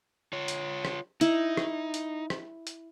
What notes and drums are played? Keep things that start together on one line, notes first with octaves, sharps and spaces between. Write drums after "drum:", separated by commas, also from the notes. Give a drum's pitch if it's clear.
F4 C#5
drum: hi-hat
drum: rim click
D#4 E4, drum: hi-hat
drum: rim click
drum: hi-hat
drum: rim click
drum: hi-hat